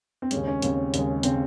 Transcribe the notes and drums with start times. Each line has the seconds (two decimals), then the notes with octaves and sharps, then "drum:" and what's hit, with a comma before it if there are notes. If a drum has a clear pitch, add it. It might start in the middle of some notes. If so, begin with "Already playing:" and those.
0.22 C4
0.31 D#2 C#3 G#3 C#4, drum: hi-hat
0.47 C#4
0.62 D#2 C#3 G#3 C4, drum: hi-hat
0.94 D#2 C#3 G#3, drum: hi-hat
1.23 C#3 G#3 C4, drum: hi-hat